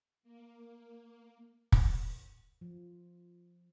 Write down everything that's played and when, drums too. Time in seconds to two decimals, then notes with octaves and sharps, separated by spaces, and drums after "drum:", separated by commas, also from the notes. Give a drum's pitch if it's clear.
0.23 A#3
1.72 drum: kick
2.61 F3